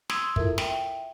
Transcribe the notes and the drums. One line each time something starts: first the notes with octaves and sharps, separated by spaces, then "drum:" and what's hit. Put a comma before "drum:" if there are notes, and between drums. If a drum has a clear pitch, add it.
C6 D#6 E6 G#6, drum: snare
E4 F4 A4 A#4 E5, drum: kick
E5 G5, drum: snare